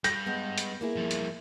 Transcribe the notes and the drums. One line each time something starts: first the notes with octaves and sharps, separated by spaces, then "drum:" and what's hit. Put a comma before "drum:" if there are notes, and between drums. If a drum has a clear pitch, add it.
G2 G6 A#6, drum: hi-hat
G#3 B3
drum: hi-hat
A#3 E4 G#4
G2 F3
drum: hi-hat